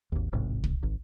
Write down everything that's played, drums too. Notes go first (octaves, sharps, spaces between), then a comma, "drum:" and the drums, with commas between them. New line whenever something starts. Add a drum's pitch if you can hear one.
G#1 D#2
D1 A1 G#2 C3
drum: kick
G#1